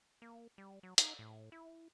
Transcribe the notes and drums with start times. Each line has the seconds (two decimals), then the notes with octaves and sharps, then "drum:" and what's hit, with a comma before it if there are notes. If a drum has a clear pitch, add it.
0.22 A#3
0.58 G3
0.83 F#3
0.98 D#4, drum: hi-hat
1.19 A2
1.52 E4